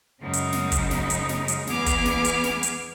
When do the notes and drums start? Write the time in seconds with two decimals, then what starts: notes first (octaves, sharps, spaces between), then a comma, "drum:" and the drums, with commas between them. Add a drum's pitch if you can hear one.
0.22 F#2 C#3 G#3 D#4
0.33 drum: hi-hat
0.53 drum: snare
0.72 drum: kick, hi-hat
0.91 drum: snare
1.10 drum: hi-hat
1.29 drum: snare
1.48 drum: hi-hat
1.67 E2 B3 G#4 G#5 D6 F6, drum: snare
1.86 drum: kick, hi-hat
2.05 drum: snare
2.25 drum: hi-hat
2.44 drum: snare
2.63 drum: hi-hat